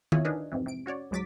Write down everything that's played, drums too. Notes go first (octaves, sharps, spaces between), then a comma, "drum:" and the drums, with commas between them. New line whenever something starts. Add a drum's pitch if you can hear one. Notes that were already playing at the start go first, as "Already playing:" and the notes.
E4 F4 C#5 G#5, drum: tom D#3
D4 D#4 G#4 A#4 B4
F2 G#2 C3 E3
C3 D7
C#4 F#4 C#5 D5
C#2 G#2 F#3 D6 A6 B6